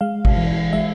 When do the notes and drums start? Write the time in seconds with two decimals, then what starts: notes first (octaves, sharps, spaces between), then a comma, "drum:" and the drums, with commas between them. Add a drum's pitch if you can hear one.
0.01 G#3 F5
0.25 drum: kick G#1, cymbal
0.37 E3
0.73 G#3 E5